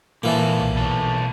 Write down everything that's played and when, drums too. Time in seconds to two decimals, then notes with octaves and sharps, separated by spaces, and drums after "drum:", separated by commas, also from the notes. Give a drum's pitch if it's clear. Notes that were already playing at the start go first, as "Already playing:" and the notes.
0.23 A#2 E3 A#3 A4
0.59 drum: tom B1
0.75 B2 A4